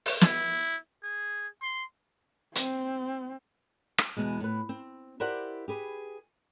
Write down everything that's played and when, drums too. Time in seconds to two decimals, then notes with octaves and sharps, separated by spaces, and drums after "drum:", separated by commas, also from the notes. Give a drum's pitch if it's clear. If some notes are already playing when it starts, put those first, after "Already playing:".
0.06 drum: open hi-hat
0.21 E4, drum: snare
1.03 G#4
1.63 C6
2.55 C4, drum: hi-hat
3.98 drum: rim click
4.17 E2 B2 G#3
4.40 A2 B4
4.69 C4
5.20 E4 G4 A#4 C5 D5 F#5
5.68 G4 G#4 B4